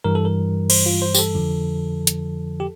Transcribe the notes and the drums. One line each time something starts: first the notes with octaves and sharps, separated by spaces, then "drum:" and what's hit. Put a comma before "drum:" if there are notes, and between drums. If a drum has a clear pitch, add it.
G2 E3 G3 A#4
A4
A#4
C5, drum: cymbal
F4
C5
G4, drum: tambourine
A4
F2 D3 F3
drum: hi-hat
G4